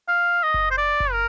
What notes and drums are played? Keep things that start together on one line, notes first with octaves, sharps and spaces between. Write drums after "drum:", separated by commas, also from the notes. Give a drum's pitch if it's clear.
F5
D#5
drum: kick F#1
C5
D5
drum: kick F#1
A#4